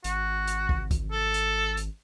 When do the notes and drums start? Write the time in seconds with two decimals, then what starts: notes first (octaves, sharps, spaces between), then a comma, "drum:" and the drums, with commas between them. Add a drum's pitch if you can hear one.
0.04 G#1 F#4, drum: hi-hat
0.48 drum: hi-hat
0.69 drum: kick
0.91 drum: kick, hi-hat
1.12 A4
1.34 drum: hi-hat
1.77 drum: hi-hat